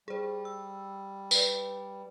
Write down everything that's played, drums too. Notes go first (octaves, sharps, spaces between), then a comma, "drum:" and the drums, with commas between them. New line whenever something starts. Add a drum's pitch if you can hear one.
G3 G#4 C5
E6
B4 D5, drum: tambourine